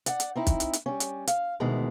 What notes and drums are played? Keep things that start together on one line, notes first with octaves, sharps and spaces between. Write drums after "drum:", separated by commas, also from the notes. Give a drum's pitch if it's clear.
D5 F#5, drum: hi-hat
drum: hi-hat
C4 D#4 E4
drum: kick, hi-hat
drum: hi-hat
drum: hi-hat
G3 C#4
drum: hi-hat
F5, drum: hi-hat
D2 B2 D#3 E3 G#3